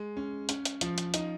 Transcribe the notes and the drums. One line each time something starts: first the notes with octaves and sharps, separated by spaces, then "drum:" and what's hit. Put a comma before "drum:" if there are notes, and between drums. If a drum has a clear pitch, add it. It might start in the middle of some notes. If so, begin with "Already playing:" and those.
Already playing: G#3
C#4
C#4, drum: hi-hat
drum: hi-hat
F3, drum: hi-hat
drum: hi-hat
D#4, drum: hi-hat